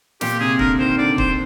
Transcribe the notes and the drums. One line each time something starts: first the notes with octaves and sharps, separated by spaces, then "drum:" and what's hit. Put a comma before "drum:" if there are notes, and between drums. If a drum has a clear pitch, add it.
A#2 G4, drum: snare
C3 G#4
D3 A#4, drum: kick
D#3 C5
D3 D5
C5, drum: kick